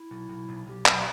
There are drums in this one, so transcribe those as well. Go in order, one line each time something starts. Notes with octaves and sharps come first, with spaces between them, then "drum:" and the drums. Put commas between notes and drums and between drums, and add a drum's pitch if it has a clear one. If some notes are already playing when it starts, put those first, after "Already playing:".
Already playing: E4
B1
B1
B1
B1 G4
B1, drum: clap